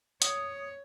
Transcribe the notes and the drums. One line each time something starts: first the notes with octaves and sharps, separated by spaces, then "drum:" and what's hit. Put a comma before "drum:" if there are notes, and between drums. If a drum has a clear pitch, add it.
C#5 D#6, drum: hi-hat